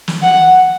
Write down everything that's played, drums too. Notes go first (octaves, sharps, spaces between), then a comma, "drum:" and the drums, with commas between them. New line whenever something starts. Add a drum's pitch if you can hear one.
drum: snare
F#5